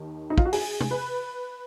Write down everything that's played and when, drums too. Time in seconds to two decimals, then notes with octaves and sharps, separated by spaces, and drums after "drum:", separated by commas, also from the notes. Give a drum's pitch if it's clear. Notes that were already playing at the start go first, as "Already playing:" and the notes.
Already playing: D#2 D#3
0.30 D#4
0.38 F4, drum: kick
0.45 F#4
0.53 G#4, drum: open hi-hat
0.81 drum: tom
0.91 B4